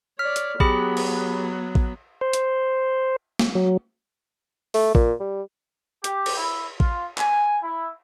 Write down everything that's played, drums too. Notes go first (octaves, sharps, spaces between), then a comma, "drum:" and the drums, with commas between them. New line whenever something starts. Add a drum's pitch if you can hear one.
C#5 D5 F6 B6
drum: hi-hat
F#3 B3 G4 G#4 B5, drum: kick A1
drum: cymbal
drum: kick A1
C5
drum: hi-hat
drum: snare A#3
F#3
A3, drum: open hi-hat
A#2, drum: kick A1
G3
G4, drum: hi-hat
drum: cymbal
E4
F4, drum: kick A1
G#5, drum: clap
E4